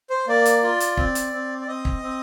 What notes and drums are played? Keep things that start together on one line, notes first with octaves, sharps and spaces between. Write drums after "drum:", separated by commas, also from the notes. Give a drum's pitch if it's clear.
C5
A#3 D5
drum: hi-hat
F4
drum: hi-hat
C4, drum: kick
drum: hi-hat
C4
D5
C4 D#5
drum: kick
C4